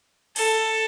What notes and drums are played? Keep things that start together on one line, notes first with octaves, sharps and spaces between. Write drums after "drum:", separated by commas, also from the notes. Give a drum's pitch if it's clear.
A4, drum: cymbal